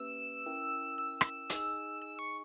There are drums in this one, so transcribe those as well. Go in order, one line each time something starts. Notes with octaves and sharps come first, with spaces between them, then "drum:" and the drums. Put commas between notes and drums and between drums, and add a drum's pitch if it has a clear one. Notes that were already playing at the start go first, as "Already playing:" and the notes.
Already playing: A#3 C#4 G4 B4 E5 E6
C#4 E4 A#4 E5 G5
E6
drum: rim click
D#4 G#4 D#5 G#5, drum: hi-hat
E6
C#6